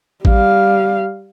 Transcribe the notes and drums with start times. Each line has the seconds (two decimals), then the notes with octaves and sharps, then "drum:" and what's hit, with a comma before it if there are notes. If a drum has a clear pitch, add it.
0.25 G3 F5, drum: kick A1